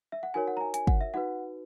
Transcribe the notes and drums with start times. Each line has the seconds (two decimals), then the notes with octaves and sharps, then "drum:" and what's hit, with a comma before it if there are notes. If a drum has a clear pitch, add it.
0.12 E5
0.23 F#5
0.34 D#4 F#4 A#4 C#5 G#5
0.48 F#5
0.57 A#5
0.61 G#5
0.74 G#5, drum: hi-hat
0.87 F#5, drum: kick
1.01 E5
1.14 D#4 F#4 B4 F#5